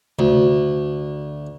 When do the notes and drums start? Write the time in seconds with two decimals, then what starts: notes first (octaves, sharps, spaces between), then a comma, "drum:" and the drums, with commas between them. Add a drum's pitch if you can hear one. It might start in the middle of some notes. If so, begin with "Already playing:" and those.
0.19 D2, drum: tom C3